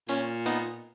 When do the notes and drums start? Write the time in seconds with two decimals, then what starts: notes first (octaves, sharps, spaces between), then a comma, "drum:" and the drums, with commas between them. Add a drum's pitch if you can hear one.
0.09 A#2 C#4, drum: hi-hat
0.46 B3 D#4, drum: hi-hat